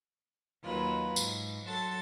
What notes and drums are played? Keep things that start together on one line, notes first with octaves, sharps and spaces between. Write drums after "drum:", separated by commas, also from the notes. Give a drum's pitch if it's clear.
D#2 F#3 F4 B4
G#2, drum: tambourine
F#3 F#4 A4 A5 C6 A6